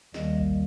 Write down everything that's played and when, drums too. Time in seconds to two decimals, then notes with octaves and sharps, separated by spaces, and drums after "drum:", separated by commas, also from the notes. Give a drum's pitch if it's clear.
0.14 D#2 D#3 G3 A#3 D#5, drum: snare
0.39 drum: kick A1